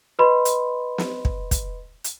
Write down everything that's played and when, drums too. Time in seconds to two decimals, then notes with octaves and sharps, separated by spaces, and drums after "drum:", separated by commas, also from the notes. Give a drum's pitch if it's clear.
0.19 B4 D#5 B5 C6
0.45 drum: hi-hat
0.98 drum: snare
1.25 drum: kick
1.51 drum: kick, hi-hat
2.04 drum: hi-hat